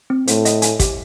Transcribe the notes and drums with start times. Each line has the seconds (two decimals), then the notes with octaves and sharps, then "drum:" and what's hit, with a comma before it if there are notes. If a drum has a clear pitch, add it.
0.10 C4
0.28 A2 C5, drum: hi-hat
0.45 D#5, drum: hi-hat
0.62 G#5, drum: hi-hat
0.80 G4, drum: kick, hi-hat